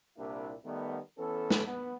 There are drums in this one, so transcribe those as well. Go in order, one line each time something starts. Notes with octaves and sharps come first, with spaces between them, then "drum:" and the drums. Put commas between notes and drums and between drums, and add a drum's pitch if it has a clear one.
C2 A#2 A#3 D4 E4 G4
D#3 G3 A3 B3
E3 B3 C#4 A4
drum: snare
B3